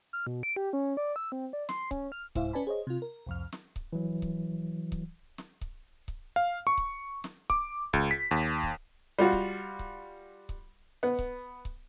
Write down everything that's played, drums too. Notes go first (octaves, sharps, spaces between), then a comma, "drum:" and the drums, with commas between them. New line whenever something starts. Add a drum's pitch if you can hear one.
F6
B2
D7
G4
C#4
D5
E6
C4
D5
C6, drum: snare
C#4, drum: kick C#1
F6
C2 G#2 E4 C5 E5 F5, drum: kick C#1
C#4 B4 D5 G#5 A5 B5
G#4 C5 C#5 D#5
C3 F4
A#4
C2 F2 F6
drum: snare
drum: kick C#1
E3 F#3
drum: kick C#1
drum: kick C#1
drum: snare
drum: kick C#1
drum: kick C#1
F5
C#6
drum: kick C#1
drum: snare
D6, drum: kick C#1
C#2, drum: kick C#1
B6
D#2
drum: kick C#1
G3 F4 F#4
drum: kick C#1
drum: kick C#1
drum: kick C#1
B3
drum: kick C#1
drum: kick C#1